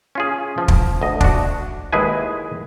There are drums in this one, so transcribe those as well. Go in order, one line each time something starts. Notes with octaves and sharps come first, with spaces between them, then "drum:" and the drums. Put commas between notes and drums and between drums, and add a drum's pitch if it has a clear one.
C#4 F4 G#4
F3
drum: kick
D2 D#5
D4 F#4, drum: kick
D#2 G#3 E4 G#4 B4 G#5